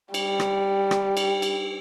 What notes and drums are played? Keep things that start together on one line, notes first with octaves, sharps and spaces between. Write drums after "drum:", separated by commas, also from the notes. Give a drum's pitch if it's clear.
G3, drum: cymbal
drum: rim click
drum: rim click
drum: cymbal
drum: cymbal